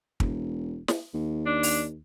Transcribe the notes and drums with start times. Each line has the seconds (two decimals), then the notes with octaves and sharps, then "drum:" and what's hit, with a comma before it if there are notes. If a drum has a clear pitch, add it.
0.20 E1, drum: kick
0.88 drum: snare
1.14 D#2
1.46 D4
1.63 drum: open hi-hat